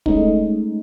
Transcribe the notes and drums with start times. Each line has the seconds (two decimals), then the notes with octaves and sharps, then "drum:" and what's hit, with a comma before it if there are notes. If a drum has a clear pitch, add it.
0.06 G#3 A3 C#4 D#4, drum: kick